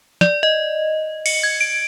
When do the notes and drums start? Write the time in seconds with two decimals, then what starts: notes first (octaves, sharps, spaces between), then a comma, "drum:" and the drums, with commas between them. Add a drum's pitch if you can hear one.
0.21 D5, drum: snare
0.43 D#5
1.26 C#7, drum: cymbal
1.43 G#6
1.61 D7